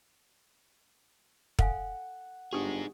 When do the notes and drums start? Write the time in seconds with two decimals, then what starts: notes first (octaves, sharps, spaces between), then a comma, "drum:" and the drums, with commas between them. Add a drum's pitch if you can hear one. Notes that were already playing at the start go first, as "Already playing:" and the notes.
1.59 A4 F5 F#5 G#5, drum: kick
2.53 G1 D#4 G4 G#4 D#6